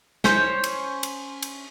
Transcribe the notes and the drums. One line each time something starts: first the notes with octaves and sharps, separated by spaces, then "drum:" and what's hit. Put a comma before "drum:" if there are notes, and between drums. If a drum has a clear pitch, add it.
C#4 C5 C#5 G6, drum: snare
drum: cymbal
drum: cymbal
drum: cymbal